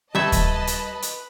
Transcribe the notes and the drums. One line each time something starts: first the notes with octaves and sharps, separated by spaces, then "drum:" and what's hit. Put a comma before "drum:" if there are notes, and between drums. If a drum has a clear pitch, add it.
G3 A3 B4 D#5 E5 A5 B5 G#6
drum: kick D2, hi-hat
drum: hi-hat
drum: hi-hat